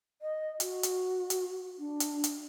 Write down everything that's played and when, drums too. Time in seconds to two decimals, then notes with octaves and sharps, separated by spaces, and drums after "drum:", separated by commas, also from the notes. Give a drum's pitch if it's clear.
0.22 D#5
0.60 F#4, drum: hi-hat
0.83 drum: hi-hat
1.30 drum: hi-hat
1.79 D4
2.00 drum: hi-hat
2.24 drum: hi-hat